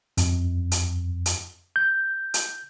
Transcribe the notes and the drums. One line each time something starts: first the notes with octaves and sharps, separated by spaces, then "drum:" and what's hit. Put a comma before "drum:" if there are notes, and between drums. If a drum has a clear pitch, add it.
F2, drum: hi-hat
drum: hi-hat
drum: hi-hat
G6
drum: hi-hat